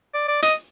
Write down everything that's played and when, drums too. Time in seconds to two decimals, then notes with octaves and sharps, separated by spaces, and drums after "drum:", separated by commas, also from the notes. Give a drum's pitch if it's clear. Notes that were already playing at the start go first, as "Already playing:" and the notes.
0.14 D5
0.28 D5
0.42 D#5, drum: hi-hat